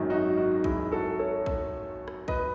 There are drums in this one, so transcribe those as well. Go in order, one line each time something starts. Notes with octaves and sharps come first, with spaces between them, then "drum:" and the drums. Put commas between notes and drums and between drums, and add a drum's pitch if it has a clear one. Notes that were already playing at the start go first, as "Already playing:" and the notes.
Already playing: G#1 F#2 D#3 F#3
D#4 F#4
D#4 F#4
E4 G#4, drum: kick A#1
F#4 A4
A4 C#5
drum: kick A#1
drum: rim click
B4 D#5, drum: kick A#1